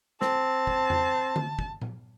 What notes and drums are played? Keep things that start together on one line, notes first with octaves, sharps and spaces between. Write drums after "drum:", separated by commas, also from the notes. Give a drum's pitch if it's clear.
C4 A5, drum: snare
drum: kick
drum: tom E2
drum: tom D3
drum: kick
drum: tom A#2